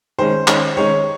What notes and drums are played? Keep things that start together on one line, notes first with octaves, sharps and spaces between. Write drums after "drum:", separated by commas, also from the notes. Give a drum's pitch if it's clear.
D#3 G#3 C#4 C5
D#3 G#3 C#4, drum: clap
D#3 G#3 C#4 C#5